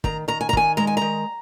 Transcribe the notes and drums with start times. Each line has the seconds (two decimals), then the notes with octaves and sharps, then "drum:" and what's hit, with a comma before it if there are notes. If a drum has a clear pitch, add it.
0.04 D#3 A#5, drum: kick
0.28 D#3 A#5
0.41 G#5
0.49 A#5
0.53 D#3 G#5, drum: kick
0.77 G#3 A#5
0.87 G#5
0.97 D#3 A#5